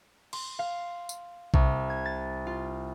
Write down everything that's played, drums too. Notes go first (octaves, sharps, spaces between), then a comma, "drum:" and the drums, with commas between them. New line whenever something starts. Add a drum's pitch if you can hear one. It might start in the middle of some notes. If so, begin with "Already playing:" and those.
C6, drum: cymbal
F5
drum: tambourine
C2, drum: kick B1
G#6
A6
F4